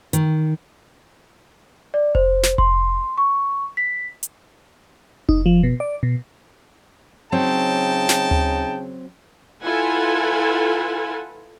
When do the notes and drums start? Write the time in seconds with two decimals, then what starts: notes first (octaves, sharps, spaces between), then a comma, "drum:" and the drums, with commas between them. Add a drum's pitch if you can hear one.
0.13 D#3, drum: hi-hat
1.94 D5
2.15 C5, drum: kick F1
2.43 drum: snare
2.58 C6, drum: kick F1
3.18 C#6
3.77 B6
4.23 drum: hi-hat
5.29 D#4, drum: kick F1
5.46 F3
5.63 B2
5.80 D5
6.03 B2
7.32 C#3 F#3 C4 D#4 G5 A5
8.09 drum: snare
8.31 drum: tom D2
9.61 E4 F4 A4 B4 F#5 G#5